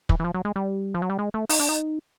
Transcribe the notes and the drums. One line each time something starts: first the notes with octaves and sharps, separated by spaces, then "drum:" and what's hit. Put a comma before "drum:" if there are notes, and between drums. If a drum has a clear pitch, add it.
E3, drum: kick
E3
F3
F#3
G#3
G3
F3
F#3
G3
G#3
A3
D#4, drum: open hi-hat
D4
D#4